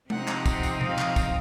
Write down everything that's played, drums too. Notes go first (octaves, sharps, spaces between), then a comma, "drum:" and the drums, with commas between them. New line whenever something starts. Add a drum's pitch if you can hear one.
C3 F3 C4 D#4 F#5, drum: tom G#3
drum: clap
drum: kick, tambourine
drum: tambourine
F5, drum: tom B2
drum: clap
drum: kick, tambourine